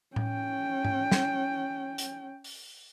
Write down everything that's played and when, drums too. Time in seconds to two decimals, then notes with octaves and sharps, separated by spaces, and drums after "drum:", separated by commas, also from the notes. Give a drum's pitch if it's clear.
0.16 C#4 G5, drum: tom A2
0.85 drum: tom G#2
1.12 drum: snare
1.98 drum: hi-hat
2.44 drum: open hi-hat